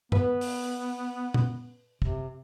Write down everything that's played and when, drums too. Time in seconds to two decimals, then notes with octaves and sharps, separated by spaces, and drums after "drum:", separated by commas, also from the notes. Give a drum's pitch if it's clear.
0.12 B3 B4, drum: tom G2
0.41 drum: open hi-hat
1.34 drum: tom A#2
2.02 C3, drum: kick